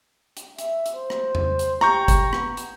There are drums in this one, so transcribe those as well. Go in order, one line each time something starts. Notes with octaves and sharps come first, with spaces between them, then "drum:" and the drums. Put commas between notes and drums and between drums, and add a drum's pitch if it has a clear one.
drum: hi-hat
E5, drum: hi-hat
drum: hi-hat
C5
drum: rim click
drum: tom E2
drum: hi-hat
G4 A#5 C#6 G6, drum: rim click
drum: kick G1, hi-hat
B3, drum: rim click
drum: hi-hat